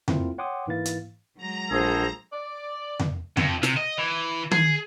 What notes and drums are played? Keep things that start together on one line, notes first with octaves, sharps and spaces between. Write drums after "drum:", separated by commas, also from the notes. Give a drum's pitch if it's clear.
A3 A#3 C4 E4 F4, drum: tom F2
C#5 F#5 G5 C6 D6 D#6
G#2 E3 A#3 E4 F5 A6
drum: hi-hat
F#3 G#3 A#5
A#1 G#4 A4 C5
D5
drum: tom F2
F2, drum: tom F2
C3, drum: snare
D#5
E3
G#4, drum: tom D#3